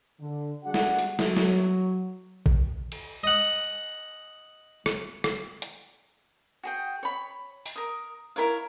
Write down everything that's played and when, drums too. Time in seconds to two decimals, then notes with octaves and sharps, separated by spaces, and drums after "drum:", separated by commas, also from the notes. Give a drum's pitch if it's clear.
0.20 D3
0.64 G3 D4 F#4 G#4 F#5
0.74 drum: snare
0.98 drum: open hi-hat
1.19 F#3, drum: snare
1.37 drum: snare
2.46 drum: kick
2.92 drum: cymbal
3.24 D#5 F#5
4.86 drum: rim click
5.24 drum: rim click
5.62 drum: hi-hat
6.63 F#4 G#4 G5
7.03 C#5 B5
7.66 drum: open hi-hat
7.76 A#4 D#6
8.36 E4 A#4 C#5 F5